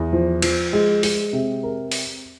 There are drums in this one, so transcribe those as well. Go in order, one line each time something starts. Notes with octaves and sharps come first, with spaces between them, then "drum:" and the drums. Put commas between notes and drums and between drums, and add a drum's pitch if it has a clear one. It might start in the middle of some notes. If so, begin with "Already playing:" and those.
Already playing: E2
F3
F3, drum: cymbal
G#3
G#3, drum: open hi-hat
C3
A#4
drum: open hi-hat